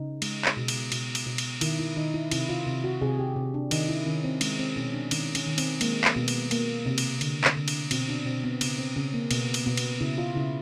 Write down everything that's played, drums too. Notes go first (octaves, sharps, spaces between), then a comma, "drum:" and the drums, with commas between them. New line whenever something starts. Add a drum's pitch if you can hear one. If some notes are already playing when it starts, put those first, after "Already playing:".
Already playing: C#3 D#4
G#3, drum: cymbal
drum: clap
B2
drum: cymbal
B2, drum: cymbal
drum: cymbal
B2
drum: cymbal
D#3 E4, drum: cymbal
E4
D#3 D#4
E4
C3 E4, drum: cymbal
F4
C3
F#4
C3 G#4
G4
C3
D4
D#3 D#4, drum: cymbal
E4
D#3 C#4
C4
G#3 C#4, drum: cymbal
C4
B2 C#4
D4
D#3 C#4, drum: cymbal
C#4, drum: cymbal
D#3
C4, drum: cymbal
G#3 A#3, drum: cymbal
drum: clap
B2 B3
drum: cymbal
A#3, drum: cymbal
C3
drum: cymbal
D3, drum: cymbal
drum: clap
D3
drum: cymbal
B2 C4, drum: cymbal
D4
B2 C4
B3
C#3 B3, drum: cymbal
C4
C#3 C#4
A#3
B2 B3, drum: cymbal
drum: cymbal
B2 B3
drum: cymbal
C#3 E4
F4
C#3 E4